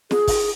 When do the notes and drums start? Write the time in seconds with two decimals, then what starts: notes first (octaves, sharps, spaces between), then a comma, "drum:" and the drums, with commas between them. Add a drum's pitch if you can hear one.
0.11 G#4, drum: snare
0.28 drum: kick, open hi-hat